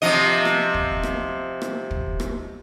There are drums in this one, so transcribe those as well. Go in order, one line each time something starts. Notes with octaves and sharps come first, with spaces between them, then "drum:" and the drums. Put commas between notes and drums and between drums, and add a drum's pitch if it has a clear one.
C3 F3 D#5
drum: rim click
drum: kick
drum: rim click
drum: rim click
drum: kick
drum: rim click